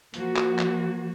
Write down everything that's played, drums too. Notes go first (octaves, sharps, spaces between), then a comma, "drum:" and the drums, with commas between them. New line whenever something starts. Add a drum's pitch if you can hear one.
F3 A#3 F#4, drum: hi-hat
drum: clap
drum: clap